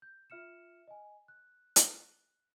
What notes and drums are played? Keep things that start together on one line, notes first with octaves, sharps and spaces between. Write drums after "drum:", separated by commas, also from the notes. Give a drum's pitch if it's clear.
G6
F4 E5 F6 C#7 E7
D#5 G#5
F#6
drum: hi-hat